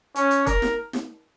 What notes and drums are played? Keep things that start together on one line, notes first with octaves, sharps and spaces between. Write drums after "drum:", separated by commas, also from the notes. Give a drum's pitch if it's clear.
C#4, drum: hi-hat
drum: hi-hat
A#4, drum: kick, hi-hat
drum: snare
drum: snare